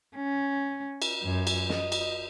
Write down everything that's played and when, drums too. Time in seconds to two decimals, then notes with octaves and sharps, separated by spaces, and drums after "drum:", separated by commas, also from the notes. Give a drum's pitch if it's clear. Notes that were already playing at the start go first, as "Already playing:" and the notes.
0.16 C#4
1.02 drum: cymbal
1.23 F#2
1.47 drum: cymbal
1.69 D#5, drum: snare
1.92 drum: cymbal